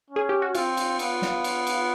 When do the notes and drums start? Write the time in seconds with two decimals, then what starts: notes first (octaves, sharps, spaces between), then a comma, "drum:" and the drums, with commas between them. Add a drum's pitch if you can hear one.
0.10 C#4
0.16 G#4
0.29 G4
0.42 F#4
0.55 C4 F4, drum: cymbal
0.77 drum: cymbal
0.99 B3, drum: cymbal
1.22 drum: snare
1.44 drum: cymbal
1.67 drum: cymbal